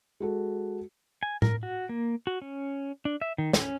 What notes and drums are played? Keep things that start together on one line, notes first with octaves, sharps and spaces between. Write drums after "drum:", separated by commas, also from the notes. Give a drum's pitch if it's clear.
G#3 F#4 A4
G#5
A#4, drum: tom A2
F#4
A#3
F#4
C#4
D4
E5
D#3
C#4, drum: snare